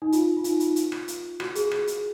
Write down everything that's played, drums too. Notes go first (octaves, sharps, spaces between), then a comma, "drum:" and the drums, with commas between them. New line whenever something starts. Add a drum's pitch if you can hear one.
D#4
F4, drum: hi-hat
F4
D#4, drum: hi-hat
F4, drum: hi-hat
drum: hi-hat
drum: rim click
drum: hi-hat
F#4, drum: rim click
G#4, drum: hi-hat
G#4, drum: rim click
drum: hi-hat